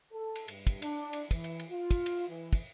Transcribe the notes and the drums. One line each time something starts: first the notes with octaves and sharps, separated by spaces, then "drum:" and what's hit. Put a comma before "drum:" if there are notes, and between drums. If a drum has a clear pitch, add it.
A4
drum: cymbal
G2, drum: cymbal
drum: kick, cymbal
D4, drum: cymbal
drum: cymbal
E3, drum: kick, cymbal
drum: cymbal
drum: cymbal
F4
drum: kick, cymbal
drum: cymbal
E3
drum: kick, cymbal